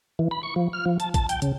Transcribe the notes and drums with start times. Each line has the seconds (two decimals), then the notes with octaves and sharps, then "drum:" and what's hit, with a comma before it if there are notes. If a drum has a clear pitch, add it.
0.19 E3
0.31 B5
0.43 C#6
0.56 F3
0.73 F6
0.86 F3
1.00 A5, drum: hi-hat
1.14 A5, drum: kick, hi-hat
1.29 G5, drum: hi-hat
1.42 C#3, drum: hi-hat